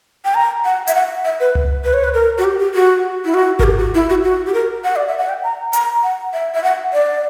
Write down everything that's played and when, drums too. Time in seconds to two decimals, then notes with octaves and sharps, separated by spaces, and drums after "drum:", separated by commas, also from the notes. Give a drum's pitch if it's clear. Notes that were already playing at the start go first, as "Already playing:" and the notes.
0.25 G5
0.35 A#5
0.65 F#5
0.87 E5, drum: hi-hat
0.95 F#5
1.25 E5
1.40 B4
1.55 drum: tom C#2
1.84 B4
1.94 C#5
2.04 B4
2.14 A#4
2.38 F#4
2.44 G4
2.60 G4
2.75 F#4
3.25 E4
3.34 F#4
3.59 A#4, drum: kick G#1
3.63 G4
3.79 F#4
3.94 E4
4.10 F#4
4.24 F#4
4.47 G4
4.54 A#4
4.84 F#5
4.96 D5
5.07 E5
5.18 F#5
5.29 G5
5.44 A#5
5.73 A#5, drum: hi-hat
6.03 F#5
6.33 E5
6.55 E5
6.64 F#5
6.93 D5